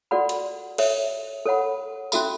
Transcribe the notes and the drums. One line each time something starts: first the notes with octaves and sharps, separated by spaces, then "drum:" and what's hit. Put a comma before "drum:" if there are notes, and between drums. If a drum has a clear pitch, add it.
F#4 A4 D5 F#5 B5
drum: hi-hat
A4 C#5 E5, drum: cymbal
A4 C#5 F#5 B5
C#4 F#4 A4 E5 B5, drum: tambourine